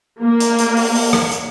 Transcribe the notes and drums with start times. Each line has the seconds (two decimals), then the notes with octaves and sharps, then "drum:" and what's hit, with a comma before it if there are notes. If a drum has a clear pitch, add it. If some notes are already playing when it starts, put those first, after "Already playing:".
0.22 A#3
0.40 drum: hi-hat
0.58 drum: hi-hat
0.77 drum: open hi-hat
0.95 drum: open hi-hat
1.13 drum: rim click
1.31 drum: hi-hat